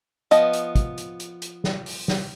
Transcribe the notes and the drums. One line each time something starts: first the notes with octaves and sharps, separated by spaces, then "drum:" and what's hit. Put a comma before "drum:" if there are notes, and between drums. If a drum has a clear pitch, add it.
F3 B3 D#5, drum: hi-hat
drum: hi-hat
drum: kick, hi-hat
drum: hi-hat
drum: hi-hat
drum: hi-hat
drum: snare
drum: open hi-hat
drum: snare